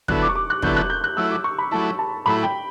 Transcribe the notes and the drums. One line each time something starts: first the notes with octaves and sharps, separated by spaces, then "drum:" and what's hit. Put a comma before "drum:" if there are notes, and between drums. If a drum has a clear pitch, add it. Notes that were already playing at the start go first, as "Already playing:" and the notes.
D3 F#3 B3 E4 A4 F#6, drum: kick
D6
C#6
D6
F#6
D3 F#3 B3 E4 A4 G6, drum: kick
F#6
G6
F#6
F#3 A3 E4 E6
D6
C#6
B5
F#3 A3 E4 A5
A5
A2 F#3 A3 E4 B5
G5